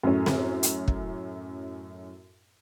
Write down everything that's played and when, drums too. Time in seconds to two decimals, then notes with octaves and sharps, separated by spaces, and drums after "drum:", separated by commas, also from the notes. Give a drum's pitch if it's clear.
0.03 F#2 A2 C#4
0.26 drum: snare C4
0.63 drum: hi-hat
0.88 drum: kick